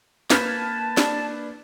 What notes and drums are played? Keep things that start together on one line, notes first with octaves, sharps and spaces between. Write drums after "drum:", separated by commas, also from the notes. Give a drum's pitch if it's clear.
A#3 B4 A5 F6 G6 G#6 B6, drum: snare
D4, drum: snare